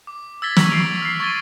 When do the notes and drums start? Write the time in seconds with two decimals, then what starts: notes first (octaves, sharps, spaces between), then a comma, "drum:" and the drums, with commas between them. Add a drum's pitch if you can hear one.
0.07 D6
0.42 E6 G#6 A6 B6 G7
0.57 C#6 B6 F#7, drum: snare
0.70 C7 D7 F7
1.02 F6 C7
1.20 C#6 G#6 A6 D#7 G7